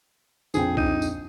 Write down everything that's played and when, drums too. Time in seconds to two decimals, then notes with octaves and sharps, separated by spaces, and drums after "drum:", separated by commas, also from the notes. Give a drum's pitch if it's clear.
0.54 A#1 F2 G#4 G5, drum: tambourine
0.77 D#4, drum: kick C2
1.02 drum: tambourine